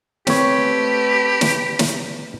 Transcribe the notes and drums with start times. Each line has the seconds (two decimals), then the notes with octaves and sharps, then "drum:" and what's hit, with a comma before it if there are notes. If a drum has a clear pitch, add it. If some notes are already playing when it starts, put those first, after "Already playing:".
0.27 A3 C4 G4 B4 C#5, drum: snare
1.41 drum: snare
1.79 drum: snare